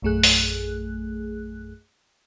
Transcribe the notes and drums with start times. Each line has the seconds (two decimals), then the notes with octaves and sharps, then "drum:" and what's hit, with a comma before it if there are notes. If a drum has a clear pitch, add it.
0.02 A#1 F#2 A3 G#4 F#6
0.23 drum: open hi-hat